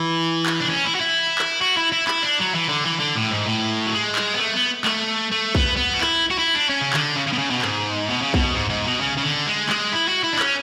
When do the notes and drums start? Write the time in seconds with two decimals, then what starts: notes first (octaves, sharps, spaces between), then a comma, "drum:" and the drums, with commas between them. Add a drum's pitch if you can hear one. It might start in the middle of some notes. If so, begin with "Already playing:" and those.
Already playing: E3
0.46 drum: clap
0.60 D4
0.69 C#4
0.85 E4
0.95 F#4
1.00 E4
1.38 drum: clap
1.61 F#4
1.77 E4
1.92 E4
2.08 E4, drum: clap
2.23 D4
2.39 F#3
2.55 E3
2.69 D3
2.85 E3
3.00 D3
3.16 A2
3.31 G#2
3.46 A2
3.86 F#3
3.93 G#3
4.16 drum: clap
4.34 B3
4.39 A3
4.54 B3
4.85 A3, drum: clap
5.31 A3
5.55 B3, drum: kick A#1
5.77 B3
5.93 F#4
6.01 E4, drum: clap
6.31 F#4
6.38 E4
6.54 D4
6.69 C#4
6.81 C#3
6.93 D3, drum: clap
7.16 C#3
7.27 C#3
7.33 B2
7.39 C#3
7.51 B2
7.62 G#2, drum: clap
8.08 B2
8.22 C#3
8.34 B2, drum: kick A#1
8.55 G#2
8.70 G#2
8.85 B2
9.01 C#3
9.17 C#3
9.23 D3
9.46 G#3
9.69 G#3, drum: clap
9.93 E4
10.09 F#4
10.24 E4
10.33 D4
10.39 C#4, drum: clap